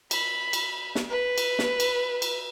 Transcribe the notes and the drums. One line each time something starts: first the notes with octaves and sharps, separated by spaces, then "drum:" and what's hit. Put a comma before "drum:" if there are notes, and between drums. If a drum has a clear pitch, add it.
B5, drum: cymbal
drum: cymbal
drum: snare
B4
drum: cymbal
drum: snare
drum: cymbal
drum: cymbal